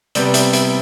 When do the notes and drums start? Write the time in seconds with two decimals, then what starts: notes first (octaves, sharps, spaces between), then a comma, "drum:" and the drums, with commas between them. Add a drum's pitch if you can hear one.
0.15 C3 G3 B3 D5, drum: hi-hat
0.34 E5, drum: hi-hat
0.53 E5, drum: hi-hat